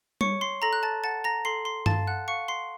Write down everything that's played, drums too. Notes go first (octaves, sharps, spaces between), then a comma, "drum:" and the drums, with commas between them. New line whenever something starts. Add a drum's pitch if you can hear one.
C#5 C#6 C#7, drum: tom G3
C6 C7
A4 A#5 A#6
F#6
A5 A6
F#5 A5 A6
A#5 A#6
A4 C6 C7
C6 C7
F5 A5 A6, drum: tom G2
F#5 F#6
F5 C#6 C#7
C6 C7